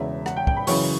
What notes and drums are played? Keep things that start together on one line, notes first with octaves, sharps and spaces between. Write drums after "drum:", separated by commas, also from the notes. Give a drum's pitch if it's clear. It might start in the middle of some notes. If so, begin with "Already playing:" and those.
Already playing: E1 E2 C#3 E5
F#5, drum: rim click
G5
G5, drum: kick
B5
F#2 C#3 E3 C#6, drum: open hi-hat